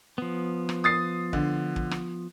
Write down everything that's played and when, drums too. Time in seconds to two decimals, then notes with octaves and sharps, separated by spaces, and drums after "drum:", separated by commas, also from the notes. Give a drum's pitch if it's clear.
0.18 F3 B3
0.69 drum: rim click
0.84 D#6 A6 C7
1.33 D3, drum: kick
1.76 drum: kick
1.91 drum: rim click